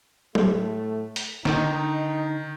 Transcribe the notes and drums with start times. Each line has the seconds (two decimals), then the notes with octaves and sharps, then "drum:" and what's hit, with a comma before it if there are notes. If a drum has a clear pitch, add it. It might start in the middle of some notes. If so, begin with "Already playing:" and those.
0.35 A2 A3, drum: tom F#3
1.16 drum: hi-hat
1.45 D3 D#3 D#4, drum: snare